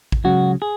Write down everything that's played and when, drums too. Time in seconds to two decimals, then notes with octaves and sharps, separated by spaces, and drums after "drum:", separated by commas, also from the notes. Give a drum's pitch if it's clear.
0.12 drum: kick
0.24 C#2 C#3 F#3 F#4
0.62 G#4